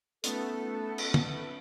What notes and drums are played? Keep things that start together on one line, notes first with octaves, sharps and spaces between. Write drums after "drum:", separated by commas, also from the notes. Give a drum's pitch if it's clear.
A3 B3 C#4 D#4 F4 A4, drum: hi-hat
drum: cymbal
drum: tom